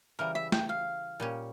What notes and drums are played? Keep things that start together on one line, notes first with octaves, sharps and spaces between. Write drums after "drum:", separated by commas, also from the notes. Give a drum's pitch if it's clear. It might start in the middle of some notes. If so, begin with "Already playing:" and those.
C#3 E3 G3 A#4
E5
G5, drum: snare
F5
A#2 G3 C#4